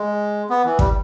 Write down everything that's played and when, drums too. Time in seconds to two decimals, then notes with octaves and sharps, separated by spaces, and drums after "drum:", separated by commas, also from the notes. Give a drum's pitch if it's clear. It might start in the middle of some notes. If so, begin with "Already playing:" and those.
Already playing: G#3
0.50 B3
0.65 E3
0.79 G3, drum: kick